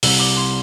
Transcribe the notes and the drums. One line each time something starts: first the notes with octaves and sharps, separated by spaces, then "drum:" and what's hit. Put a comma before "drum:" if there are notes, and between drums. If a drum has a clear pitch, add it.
C2 C3 G3 E6, drum: open hi-hat
D6
C6